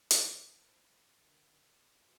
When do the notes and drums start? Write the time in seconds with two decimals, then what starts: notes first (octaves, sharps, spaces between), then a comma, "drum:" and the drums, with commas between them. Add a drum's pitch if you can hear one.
0.11 C2 D#3 E3, drum: hi-hat
0.58 E4 A4 C5 G5 A#5 B5
1.16 D3 A#4 A6
2.02 C4 F4 F#4 G#4 B4 E5